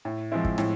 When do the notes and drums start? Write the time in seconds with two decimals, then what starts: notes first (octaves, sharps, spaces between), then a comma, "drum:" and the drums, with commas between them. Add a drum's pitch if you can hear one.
0.05 A2
0.32 F3 G#3 C4 E4
0.45 drum: kick
0.58 A2, drum: snare